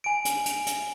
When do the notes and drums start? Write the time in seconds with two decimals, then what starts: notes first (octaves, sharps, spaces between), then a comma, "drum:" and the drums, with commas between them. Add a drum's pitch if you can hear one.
0.04 G#5 D7
0.25 drum: hi-hat
0.46 drum: hi-hat
0.66 drum: hi-hat